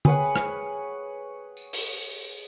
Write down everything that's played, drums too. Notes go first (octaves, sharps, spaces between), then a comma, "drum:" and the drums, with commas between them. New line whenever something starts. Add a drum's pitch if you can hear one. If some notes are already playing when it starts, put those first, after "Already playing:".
G#4 B4 C#5 F#5, drum: tom
drum: rim click
drum: tambourine
drum: open hi-hat